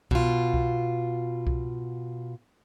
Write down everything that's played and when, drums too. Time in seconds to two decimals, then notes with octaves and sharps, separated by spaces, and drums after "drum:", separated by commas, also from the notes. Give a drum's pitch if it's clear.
0.11 B2 F4, drum: kick C2
0.54 drum: kick C2
1.47 drum: kick C2